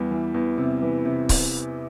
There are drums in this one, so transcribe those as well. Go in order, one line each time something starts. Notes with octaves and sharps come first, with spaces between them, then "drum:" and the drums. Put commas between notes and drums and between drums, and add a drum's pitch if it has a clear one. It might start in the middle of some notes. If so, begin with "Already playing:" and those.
Already playing: E2 G3
E3
E2
C3
E3
C3
drum: kick C#1, open hi-hat